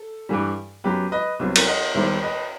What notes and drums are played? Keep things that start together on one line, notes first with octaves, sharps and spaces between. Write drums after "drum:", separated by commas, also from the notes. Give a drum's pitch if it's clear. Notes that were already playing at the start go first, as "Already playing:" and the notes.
Already playing: A4
G2 E3 G3
F#2 F#3 B3 G4 B4
B4 D#5
C2 C3 F#3 B3
drum: cymbal
D#5 F#5
D#2 D#3 G3 B3 C5 E5
B4 D#5